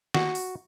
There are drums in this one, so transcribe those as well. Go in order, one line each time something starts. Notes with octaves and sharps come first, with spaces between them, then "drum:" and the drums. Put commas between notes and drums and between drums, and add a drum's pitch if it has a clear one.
F#4, drum: snare
drum: open hi-hat